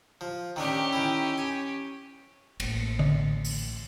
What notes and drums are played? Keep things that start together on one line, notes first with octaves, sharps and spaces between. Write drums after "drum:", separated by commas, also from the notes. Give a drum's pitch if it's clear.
F3
D#3 A3 C#4 D4 G4
D#3 E4
G#5
A1 A#3, drum: cymbal
drum: tom D3
drum: open hi-hat